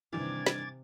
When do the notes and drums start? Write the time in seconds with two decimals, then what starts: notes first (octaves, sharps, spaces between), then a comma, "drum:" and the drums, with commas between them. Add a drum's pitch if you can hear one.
0.13 G2 C3 D#3 E3 D6 G#6 A6
0.46 drum: snare